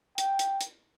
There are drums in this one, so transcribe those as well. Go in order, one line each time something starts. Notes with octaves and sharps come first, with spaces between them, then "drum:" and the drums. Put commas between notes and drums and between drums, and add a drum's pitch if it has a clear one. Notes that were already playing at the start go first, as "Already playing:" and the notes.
G5, drum: hi-hat
drum: hi-hat
drum: hi-hat